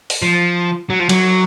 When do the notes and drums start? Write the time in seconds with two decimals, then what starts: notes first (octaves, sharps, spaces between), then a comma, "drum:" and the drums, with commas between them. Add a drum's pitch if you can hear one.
0.10 drum: open hi-hat
0.22 F3
0.90 F#3
1.00 F3
1.09 F#3, drum: cymbal